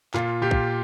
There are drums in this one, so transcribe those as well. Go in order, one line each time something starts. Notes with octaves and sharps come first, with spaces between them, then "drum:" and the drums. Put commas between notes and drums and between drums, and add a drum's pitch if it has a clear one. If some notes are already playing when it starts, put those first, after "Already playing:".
A#2 F4, drum: clap
A#2 G4
drum: kick